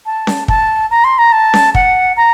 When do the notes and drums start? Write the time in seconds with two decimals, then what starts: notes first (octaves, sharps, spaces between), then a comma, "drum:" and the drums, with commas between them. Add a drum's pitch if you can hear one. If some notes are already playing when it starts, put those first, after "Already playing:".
0.06 A5
0.27 drum: snare C#4
0.48 A5, drum: kick
0.91 A#5
1.04 C6
1.18 A#5
1.32 A5
1.54 drum: snare C#4
1.75 F#5, drum: kick
2.17 A#5